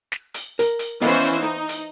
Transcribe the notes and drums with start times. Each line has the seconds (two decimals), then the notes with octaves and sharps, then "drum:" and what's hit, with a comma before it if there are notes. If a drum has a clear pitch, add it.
0.12 drum: snare
0.34 drum: hi-hat
0.59 A#4, drum: hi-hat
0.79 drum: hi-hat
1.02 E3 B3 C#4 C5 D#5 F5, drum: hi-hat
1.24 drum: hi-hat
1.39 D#4
1.69 drum: hi-hat